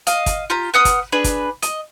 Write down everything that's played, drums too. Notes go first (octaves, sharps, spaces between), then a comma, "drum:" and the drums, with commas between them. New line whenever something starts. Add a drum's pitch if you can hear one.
D#5 F5, drum: hi-hat
drum: kick, hi-hat
F4 G4 A#5
B4 F#5 D#6 F6
drum: kick, hi-hat
D4 G#4 B4
drum: kick, hi-hat
D#5, drum: hi-hat